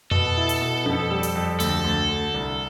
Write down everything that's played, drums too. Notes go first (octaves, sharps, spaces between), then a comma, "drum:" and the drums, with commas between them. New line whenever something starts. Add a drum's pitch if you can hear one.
B2 A4, drum: tom F2
E4
drum: hi-hat
B2
F2, drum: tom C#4
G3
drum: hi-hat
F2
D2 A4, drum: hi-hat
D2
D3
C2